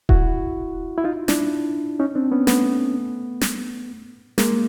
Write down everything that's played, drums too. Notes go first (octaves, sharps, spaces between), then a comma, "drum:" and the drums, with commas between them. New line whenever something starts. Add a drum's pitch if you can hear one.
E4 F#4, drum: kick D#1
E4
D#4 F4
D4 E4, drum: snare
C#4 D#4
C4 D4
B3 C#4
A3 B3, drum: snare
drum: snare
G#3 A#3, drum: snare